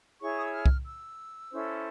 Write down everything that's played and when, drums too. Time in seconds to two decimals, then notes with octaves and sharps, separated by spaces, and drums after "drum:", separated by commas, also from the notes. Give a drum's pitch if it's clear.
0.22 E4 G#4 C#5 C#6
0.38 D#6
0.45 E6
0.53 F6
0.66 drum: kick C2
0.86 E6
1.51 C#4 E4 A4 C5